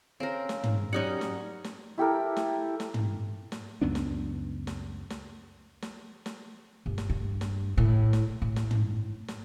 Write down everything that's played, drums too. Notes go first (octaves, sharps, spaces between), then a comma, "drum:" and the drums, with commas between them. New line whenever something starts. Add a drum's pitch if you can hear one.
C#3 C4 A#4
drum: snare
drum: tom
F#2 G3 C#4 D#4 F#5
drum: snare
drum: snare
E4 G4 A4 A#4
drum: snare
drum: snare
drum: tom
drum: snare
C#2 F#2 B3 D4
drum: snare
drum: snare
drum: snare
drum: snare
drum: snare
G1
drum: snare
G2
drum: snare
A2
drum: snare
A2
drum: snare
drum: tom
drum: snare